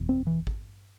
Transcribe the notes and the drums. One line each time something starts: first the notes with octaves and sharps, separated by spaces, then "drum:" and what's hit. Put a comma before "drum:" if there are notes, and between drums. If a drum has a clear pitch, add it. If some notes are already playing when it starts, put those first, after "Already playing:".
Already playing: F#1 E2 B2
C4
E3
drum: kick G#1